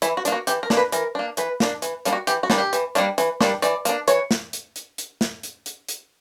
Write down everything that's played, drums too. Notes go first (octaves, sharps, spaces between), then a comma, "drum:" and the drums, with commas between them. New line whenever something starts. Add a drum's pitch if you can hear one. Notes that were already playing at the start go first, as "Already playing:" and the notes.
E3 E4, drum: hi-hat
F#4
D4, drum: hi-hat
A#3 F#4
E3 G4, drum: hi-hat
A#4
A#3 D4, drum: snare
B4
E3 A#4, drum: hi-hat
A#3 D4
E3 B4, drum: hi-hat
A#3 D4, drum: snare
E3, drum: hi-hat
G3 A#3 D4, drum: hi-hat
F#4
E3 G4, drum: hi-hat
F#4
G3 A#3 D4, drum: snare
G4
E3, drum: hi-hat
G3 A#3 D4, drum: hi-hat
E3, drum: hi-hat
G3 A#3 D4, drum: snare
E3 D5, drum: hi-hat
A#3 D4, drum: hi-hat
E3 C#5, drum: hi-hat
drum: snare
drum: hi-hat
drum: hi-hat
drum: hi-hat
drum: snare
drum: hi-hat
drum: hi-hat
drum: hi-hat